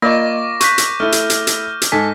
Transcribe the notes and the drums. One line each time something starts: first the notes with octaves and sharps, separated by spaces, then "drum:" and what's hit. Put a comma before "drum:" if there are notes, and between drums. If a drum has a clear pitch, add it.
A#3 F4 A#4 D5 D#5 C#6 D6 A#6
C#6 F#6 G6 B6 D#7, drum: hi-hat
drum: hi-hat
A3 E4 F6
drum: hi-hat
drum: hi-hat
drum: hi-hat
drum: hi-hat
G#2 A4 G#5 B6